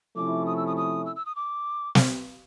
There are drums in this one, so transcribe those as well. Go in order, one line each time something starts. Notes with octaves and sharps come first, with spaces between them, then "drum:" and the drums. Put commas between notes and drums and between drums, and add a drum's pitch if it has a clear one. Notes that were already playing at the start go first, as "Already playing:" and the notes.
C3 F3 A3 C#4 E4 D6
D#6
E6
D#6
D#6
E6
E6
D#6
D6
drum: snare